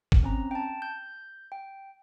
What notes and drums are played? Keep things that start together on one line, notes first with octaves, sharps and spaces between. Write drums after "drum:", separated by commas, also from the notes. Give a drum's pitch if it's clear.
drum: kick
C4 C#4 A#5
G5 A5
G6
G5